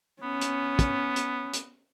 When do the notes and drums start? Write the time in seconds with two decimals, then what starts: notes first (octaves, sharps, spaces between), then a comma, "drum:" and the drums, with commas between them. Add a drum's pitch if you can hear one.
0.23 B3 C#4
0.41 drum: hi-hat
0.79 drum: kick, hi-hat
1.16 drum: hi-hat
1.54 drum: hi-hat